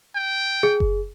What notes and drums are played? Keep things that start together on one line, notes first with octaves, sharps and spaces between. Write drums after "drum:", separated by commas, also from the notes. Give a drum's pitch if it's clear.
G5
G#4
drum: kick F#1